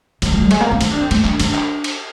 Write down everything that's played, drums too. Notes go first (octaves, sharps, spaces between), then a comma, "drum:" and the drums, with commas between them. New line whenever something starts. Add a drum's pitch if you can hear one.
D#3, drum: cymbal
F3
G3
G#3, drum: cymbal
A#3
C4
D#4, drum: cymbal
D4
C4
A#3, drum: cymbal
D4, drum: clap
D4, drum: cymbal
drum: clap
drum: cymbal